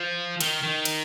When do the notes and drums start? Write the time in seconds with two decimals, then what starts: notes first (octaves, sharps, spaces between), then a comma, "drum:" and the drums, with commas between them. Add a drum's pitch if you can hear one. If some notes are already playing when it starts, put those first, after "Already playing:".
Already playing: F3
0.41 D#3, drum: cymbal
0.63 D#3
0.85 drum: cymbal